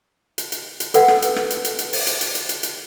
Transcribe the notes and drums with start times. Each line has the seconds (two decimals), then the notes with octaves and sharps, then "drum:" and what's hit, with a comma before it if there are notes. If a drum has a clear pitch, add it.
0.38 drum: hi-hat
0.52 drum: hi-hat
0.80 drum: hi-hat
0.94 A4 B4 F#5, drum: hi-hat
1.08 drum: rim click
1.22 drum: hi-hat
1.36 drum: rim click
1.50 drum: hi-hat
1.65 drum: hi-hat
1.79 drum: hi-hat
1.93 drum: open hi-hat
2.07 drum: hi-hat
2.21 drum: hi-hat
2.35 drum: hi-hat
2.49 drum: hi-hat
2.63 drum: hi-hat